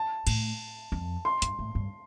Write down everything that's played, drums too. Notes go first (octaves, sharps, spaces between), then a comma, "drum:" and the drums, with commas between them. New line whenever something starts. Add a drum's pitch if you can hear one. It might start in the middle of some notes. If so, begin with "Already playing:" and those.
Already playing: A5
A2, drum: cymbal
F2
C6
G2, drum: hi-hat
A2
G2